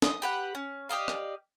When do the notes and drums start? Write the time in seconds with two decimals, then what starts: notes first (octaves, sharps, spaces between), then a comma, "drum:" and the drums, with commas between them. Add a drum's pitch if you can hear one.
0.02 D#5 D#6, drum: snare
0.22 G4 B4 F#5
0.55 C#4
0.89 G4 D5 D#5 F5
1.08 drum: rim click